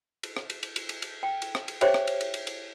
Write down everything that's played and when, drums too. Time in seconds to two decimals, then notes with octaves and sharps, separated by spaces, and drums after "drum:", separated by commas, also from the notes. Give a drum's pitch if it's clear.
0.23 drum: cymbal
0.37 drum: rim click
0.50 drum: cymbal
0.63 drum: cymbal
0.76 drum: cymbal
0.89 drum: cymbal
1.02 drum: cymbal
1.23 G5
1.42 drum: cymbal
1.55 drum: rim click
1.68 drum: cymbal
1.81 G4 G#4 C5 C#5 E5 G5, drum: cymbal
1.94 drum: rim click
2.07 drum: cymbal
2.21 drum: cymbal
2.34 drum: cymbal
2.47 drum: cymbal